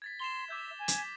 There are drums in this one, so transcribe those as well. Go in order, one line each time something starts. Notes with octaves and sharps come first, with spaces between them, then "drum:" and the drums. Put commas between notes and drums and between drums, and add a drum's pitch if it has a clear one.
G#6 A6 B6
C6 E7 F7 G7
E5 D6 G6 G#6
G#5
drum: hi-hat
B6